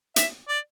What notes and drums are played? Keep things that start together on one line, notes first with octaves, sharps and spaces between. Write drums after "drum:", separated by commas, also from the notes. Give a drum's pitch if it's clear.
E5, drum: hi-hat
D5